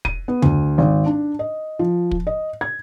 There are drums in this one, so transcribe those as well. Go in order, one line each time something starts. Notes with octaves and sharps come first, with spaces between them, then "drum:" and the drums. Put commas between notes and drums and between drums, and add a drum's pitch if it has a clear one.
D#7, drum: kick
B3
D2, drum: tom F2
G#1
D4
D#5
F3
drum: kick
D#5
G#6